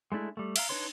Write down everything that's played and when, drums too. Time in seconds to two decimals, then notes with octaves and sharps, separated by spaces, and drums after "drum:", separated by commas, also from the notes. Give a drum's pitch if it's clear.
0.12 G#3 A3 D4 E4
0.37 G3 A3
0.56 E5 F5 A#5, drum: cymbal
0.69 D4 D#4 B4 C#5 C6